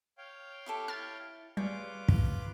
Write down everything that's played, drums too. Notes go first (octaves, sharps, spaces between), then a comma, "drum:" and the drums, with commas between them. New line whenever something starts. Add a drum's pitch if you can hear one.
C#5 F5 G5
E4 G4 A4
E4 F6 A6
G3 F4 G#4 B4 C#5 D6
drum: kick